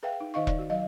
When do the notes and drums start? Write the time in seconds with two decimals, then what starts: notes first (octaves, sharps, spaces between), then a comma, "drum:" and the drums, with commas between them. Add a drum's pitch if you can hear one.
0.03 G#4 B4 E5 F5 G5
0.21 D#4
0.34 D#3 D#4 D#5 F5 C#6
0.47 D5, drum: kick E1
0.59 F#4
0.70 F#3 D#5 F5